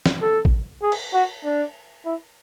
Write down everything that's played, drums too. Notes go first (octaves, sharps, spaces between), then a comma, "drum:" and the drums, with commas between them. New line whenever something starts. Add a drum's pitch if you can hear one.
drum: snare
A4
drum: kick
G#4
drum: cymbal
F#4
D4
E4